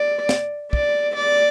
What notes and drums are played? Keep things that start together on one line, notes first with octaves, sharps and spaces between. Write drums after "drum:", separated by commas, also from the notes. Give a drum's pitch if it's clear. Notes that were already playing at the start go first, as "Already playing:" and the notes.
Already playing: D5
drum: snare
D5, drum: kick
D5